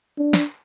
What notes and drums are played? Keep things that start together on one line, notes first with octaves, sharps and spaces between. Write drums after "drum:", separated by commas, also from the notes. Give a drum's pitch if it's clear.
D4
drum: snare